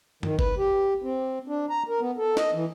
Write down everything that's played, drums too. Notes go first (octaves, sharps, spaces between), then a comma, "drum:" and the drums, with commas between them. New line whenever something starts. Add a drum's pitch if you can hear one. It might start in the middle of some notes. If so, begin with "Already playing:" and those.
D#3, drum: tom G2
B4, drum: kick G1
G4
C4
D4
A#5
A#4
B3
A4
D#5, drum: snare
E3